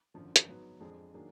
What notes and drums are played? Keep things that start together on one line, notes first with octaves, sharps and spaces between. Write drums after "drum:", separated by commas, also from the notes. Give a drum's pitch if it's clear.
G#1 F#2 D3 F3
drum: hi-hat
G#2 F#3 B3
F2 F3 G#3 D4 G#4
D#3 F#3 A#3 D4 G#4